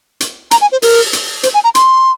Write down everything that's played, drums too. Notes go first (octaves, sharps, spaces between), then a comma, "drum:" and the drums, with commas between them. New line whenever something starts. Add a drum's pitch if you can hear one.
drum: hi-hat
A#5, drum: hi-hat
G#5
C5
A#4, drum: open hi-hat
drum: hi-hat
C5, drum: hi-hat
G#5
A#5
C6, drum: hi-hat